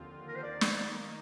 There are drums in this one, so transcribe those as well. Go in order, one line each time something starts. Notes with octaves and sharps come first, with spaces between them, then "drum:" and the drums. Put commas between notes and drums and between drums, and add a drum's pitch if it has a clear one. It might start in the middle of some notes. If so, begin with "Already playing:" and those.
Already playing: D#2 D3 F3 C4 F4
A#4
C5
D#3 A#3 D#4 D5
drum: snare